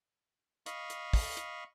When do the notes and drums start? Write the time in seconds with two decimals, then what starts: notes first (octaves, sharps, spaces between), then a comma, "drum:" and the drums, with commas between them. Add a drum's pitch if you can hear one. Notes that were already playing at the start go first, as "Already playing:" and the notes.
0.66 D#5 F5 B5 C#6, drum: hi-hat
0.90 drum: hi-hat
1.13 drum: kick, open hi-hat
1.37 drum: hi-hat